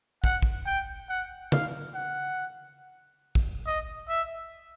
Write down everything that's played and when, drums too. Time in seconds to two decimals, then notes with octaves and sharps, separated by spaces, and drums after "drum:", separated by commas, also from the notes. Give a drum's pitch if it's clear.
0.24 F#5, drum: kick
0.42 drum: kick
0.66 G5
1.09 F#5
1.52 F5, drum: tom C#3
1.95 F#5
3.35 drum: kick
3.66 D#5
4.09 E5